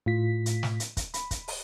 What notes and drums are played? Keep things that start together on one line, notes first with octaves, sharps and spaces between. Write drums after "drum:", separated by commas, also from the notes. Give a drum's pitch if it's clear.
A2 F4 B6
drum: hi-hat
drum: snare
drum: hi-hat
drum: kick, hi-hat
B5, drum: hi-hat
drum: kick, hi-hat
drum: open hi-hat